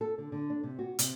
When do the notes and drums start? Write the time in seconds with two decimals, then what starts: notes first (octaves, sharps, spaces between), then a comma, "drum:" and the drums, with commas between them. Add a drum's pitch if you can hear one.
0.01 A4
0.18 D3
0.32 D3
0.50 D4
0.63 C3
0.79 F#4
0.99 C3, drum: hi-hat